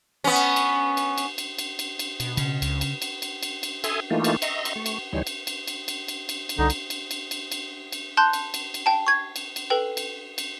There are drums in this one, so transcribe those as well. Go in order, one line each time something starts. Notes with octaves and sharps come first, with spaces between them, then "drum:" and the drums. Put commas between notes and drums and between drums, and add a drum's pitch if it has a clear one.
B3 C#4
drum: cymbal
drum: cymbal
drum: cymbal
drum: cymbal
drum: cymbal
drum: cymbal
drum: cymbal
drum: cymbal
B2, drum: cymbal
C#3, drum: cymbal
C#2, drum: cymbal
drum: cymbal
drum: cymbal
drum: cymbal
drum: cymbal
drum: cymbal
A4 E5 G#5 C6 D#6, drum: cymbal
E3 A3 A#3 D#4 F4
drum: cymbal
D#5 E5 A#5 C6 C#6, drum: cymbal
drum: cymbal
A3 C#6
drum: cymbal
D2 E3 G3 D#4 C#5 C6
drum: cymbal
drum: cymbal
drum: cymbal
drum: cymbal
drum: cymbal
drum: cymbal
drum: cymbal
C2 D3 D#4
drum: cymbal
drum: cymbal
drum: cymbal
drum: cymbal
drum: cymbal
drum: cymbal
A5 C6 F#6 G6
drum: cymbal
drum: cymbal
drum: cymbal
G5 A5
C#6 G#6
drum: cymbal
drum: cymbal
A4 B4 G5
drum: cymbal
drum: cymbal